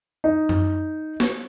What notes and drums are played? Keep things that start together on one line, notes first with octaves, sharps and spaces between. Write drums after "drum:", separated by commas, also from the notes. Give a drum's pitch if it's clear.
D#4
drum: tom F#2
drum: snare